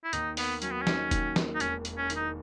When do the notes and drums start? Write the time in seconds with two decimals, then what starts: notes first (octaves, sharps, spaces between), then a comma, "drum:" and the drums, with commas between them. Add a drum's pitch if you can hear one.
0.04 E4
0.13 D#2 D#4, drum: hi-hat
0.37 A#3 B3, drum: open hi-hat
0.62 F#3 C#4, drum: hi-hat
0.71 B3
0.82 C#4
0.87 D#3, drum: snare
1.11 D#2, drum: kick E1, hi-hat
1.36 A#3, drum: snare
1.55 D#4
1.60 E1 C#4, drum: hi-hat
1.85 A#3, drum: hi-hat
1.98 C#4
2.10 D#3, drum: hi-hat
2.16 D#4